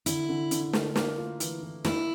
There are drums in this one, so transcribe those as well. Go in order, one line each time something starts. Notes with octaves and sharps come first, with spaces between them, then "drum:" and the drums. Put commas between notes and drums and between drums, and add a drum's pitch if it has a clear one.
D3 E4, drum: hi-hat
D3
D3, drum: hi-hat
A3, drum: snare
A#3, drum: snare
F4
E3, drum: hi-hat
E3
A#3 E4, drum: snare